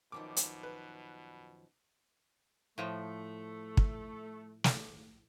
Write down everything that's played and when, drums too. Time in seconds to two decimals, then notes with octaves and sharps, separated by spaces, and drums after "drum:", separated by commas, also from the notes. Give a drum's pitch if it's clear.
0.12 F#2 B2 D#3 F3 D6
0.37 drum: hi-hat
0.63 B4
2.78 A2 F3 A3
3.77 drum: kick
4.64 drum: snare